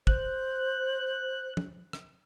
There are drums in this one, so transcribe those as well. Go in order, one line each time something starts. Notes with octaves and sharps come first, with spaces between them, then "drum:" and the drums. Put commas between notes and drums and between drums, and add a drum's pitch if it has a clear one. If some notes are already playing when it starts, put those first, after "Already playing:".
C5 F#6, drum: kick
drum: tom
drum: rim click